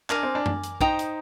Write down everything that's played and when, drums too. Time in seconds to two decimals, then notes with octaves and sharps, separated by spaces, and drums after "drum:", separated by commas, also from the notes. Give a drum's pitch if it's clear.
0.10 D4 A#4 D5 G#5, drum: clap
0.23 C4
0.35 D4
0.46 drum: tom F#2
0.64 drum: hi-hat
0.81 D#4 C5 G5 A#5 D#6, drum: kick
0.99 drum: hi-hat